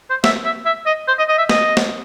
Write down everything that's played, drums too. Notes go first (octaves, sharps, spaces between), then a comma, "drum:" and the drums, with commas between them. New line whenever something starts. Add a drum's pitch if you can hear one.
C5
E5, drum: snare
E5
E5
D#5
C5
D#5
D#5
E5
D#5, drum: snare
drum: snare